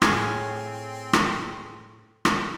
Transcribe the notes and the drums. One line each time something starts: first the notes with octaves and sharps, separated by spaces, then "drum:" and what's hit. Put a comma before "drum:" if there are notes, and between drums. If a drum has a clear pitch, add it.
A2 C4 G#4 F5 G#6, drum: rim click
drum: rim click
drum: rim click